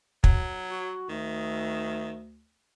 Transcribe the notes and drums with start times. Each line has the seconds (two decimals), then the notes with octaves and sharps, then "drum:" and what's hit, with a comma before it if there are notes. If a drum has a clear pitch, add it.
0.24 F#3, drum: kick
0.70 F#4
1.09 D2 D#3